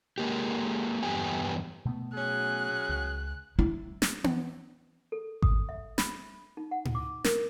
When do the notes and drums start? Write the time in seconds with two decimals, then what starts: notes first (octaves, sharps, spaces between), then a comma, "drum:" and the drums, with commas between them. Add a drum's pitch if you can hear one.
0.18 G#3 A#3 G4
1.03 E2 G2 B3 G4 G#5
1.86 B2 A3 B3
2.14 F#3 C#4 G#4 F#6
2.89 C#2
3.59 E4
4.02 drum: snare
4.24 drum: tom B3
5.12 A4
5.42 D#6, drum: kick G#1
5.69 E5
5.98 B5, drum: snare
6.57 D#4
6.71 F#5
6.85 drum: tom A2
6.95 D6
7.24 A#4, drum: snare